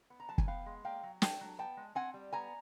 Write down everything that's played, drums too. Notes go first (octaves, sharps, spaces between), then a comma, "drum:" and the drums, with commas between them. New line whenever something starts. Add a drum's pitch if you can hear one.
B3
A#5
F#3 A5
G#5, drum: kick
B3 F5 G5
G#3
A#3 F5 G5
F#3
A3 G5 A5, drum: snare
F#3
B3 G5 A5
G#3
C4 F#5 G#5
G3
B3 G#5 A#5